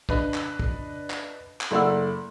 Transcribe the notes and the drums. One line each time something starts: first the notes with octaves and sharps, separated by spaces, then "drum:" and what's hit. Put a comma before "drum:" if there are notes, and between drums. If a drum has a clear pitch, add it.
D4 B4 D#5, drum: kick
drum: clap
drum: kick
drum: clap
drum: clap
F#1 A3 D5 F#5 E6